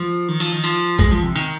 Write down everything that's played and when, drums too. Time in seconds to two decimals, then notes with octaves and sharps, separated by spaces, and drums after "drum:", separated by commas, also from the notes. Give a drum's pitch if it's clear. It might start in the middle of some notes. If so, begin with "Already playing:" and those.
Already playing: F3
0.28 D#3
0.40 F3, drum: tambourine
0.52 D#3
0.64 F3
0.99 G#3, drum: kick
1.11 F3
1.23 C3
1.35 D#3